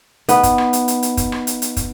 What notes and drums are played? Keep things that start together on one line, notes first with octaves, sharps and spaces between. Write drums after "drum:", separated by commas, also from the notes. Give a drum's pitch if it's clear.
B3 D#4, drum: hi-hat
drum: kick, hi-hat
drum: rim click
drum: hi-hat
drum: hi-hat
drum: hi-hat
drum: kick, hi-hat
drum: rim click
drum: hi-hat
drum: hi-hat
drum: kick, hi-hat